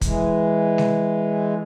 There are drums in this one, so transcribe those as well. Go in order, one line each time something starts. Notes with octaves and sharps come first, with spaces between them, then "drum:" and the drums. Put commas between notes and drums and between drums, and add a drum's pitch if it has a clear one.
E3 G#3, drum: kick, hi-hat
drum: snare G#3